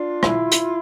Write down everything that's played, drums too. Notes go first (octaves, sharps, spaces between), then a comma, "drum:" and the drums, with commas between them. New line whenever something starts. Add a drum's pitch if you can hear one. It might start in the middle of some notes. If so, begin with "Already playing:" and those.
Already playing: D4 F4
E4, drum: rim click
drum: hi-hat